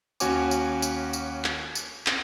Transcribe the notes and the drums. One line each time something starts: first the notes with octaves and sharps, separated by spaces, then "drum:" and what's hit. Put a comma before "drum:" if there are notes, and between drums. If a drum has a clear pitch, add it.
D#2 C#4 F#4 C#5 G#5 D6, drum: tambourine
drum: tambourine
drum: tambourine
drum: tambourine
drum: clap
drum: tambourine
drum: clap